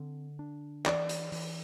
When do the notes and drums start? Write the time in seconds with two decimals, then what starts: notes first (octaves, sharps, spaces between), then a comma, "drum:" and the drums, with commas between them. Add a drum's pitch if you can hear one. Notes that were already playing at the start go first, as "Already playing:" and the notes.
Already playing: D3 C4
0.39 D4
0.86 E3 D5, drum: clap
1.09 drum: hi-hat
1.32 E3, drum: open hi-hat